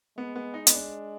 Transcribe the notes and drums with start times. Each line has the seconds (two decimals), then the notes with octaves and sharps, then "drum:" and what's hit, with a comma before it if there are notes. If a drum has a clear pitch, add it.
0.17 G#3 B3
0.35 B3
0.54 D#4
0.67 B3, drum: hi-hat
0.74 D4